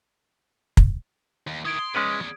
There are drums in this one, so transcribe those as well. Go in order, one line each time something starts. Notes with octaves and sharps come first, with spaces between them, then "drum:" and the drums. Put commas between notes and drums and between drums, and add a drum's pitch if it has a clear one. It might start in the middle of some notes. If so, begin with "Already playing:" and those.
drum: kick
D#2
D#3 E4 D#6 G#6 D7
C6
G#3 C#4 G#4 B4 D5